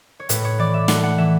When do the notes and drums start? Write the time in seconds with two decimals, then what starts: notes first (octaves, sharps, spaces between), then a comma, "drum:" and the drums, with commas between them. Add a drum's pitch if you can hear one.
0.20 C#5
0.29 A2 B4, drum: hi-hat
0.45 C#5
0.58 E3 D5
0.74 E5
0.88 A3 F#5, drum: snare
1.03 F#5
1.18 E3 E5